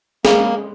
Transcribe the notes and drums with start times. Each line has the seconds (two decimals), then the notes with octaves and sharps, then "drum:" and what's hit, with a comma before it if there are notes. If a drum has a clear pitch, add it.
0.25 G#3 A#3 G#4, drum: snare